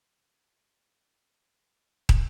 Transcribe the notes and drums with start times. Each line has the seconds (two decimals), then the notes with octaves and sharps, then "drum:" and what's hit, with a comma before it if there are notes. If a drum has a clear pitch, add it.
0.11 G#3
0.40 A4 C5 A5
0.88 D3 D#3 F#4 D5
1.15 G5
2.09 drum: kick